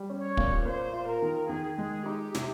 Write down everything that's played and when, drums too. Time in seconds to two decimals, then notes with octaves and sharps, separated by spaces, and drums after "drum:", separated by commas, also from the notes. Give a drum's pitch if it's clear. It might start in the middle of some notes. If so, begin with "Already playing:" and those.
Already playing: G3
0.10 C#4
0.23 C#5
0.37 A#2, drum: kick
0.65 A#3 C5
0.93 F4
1.08 A#4
1.22 D#3
1.49 D#3 G#4
1.77 G#3 G#4
2.06 D#4 G4
2.35 C3, drum: snare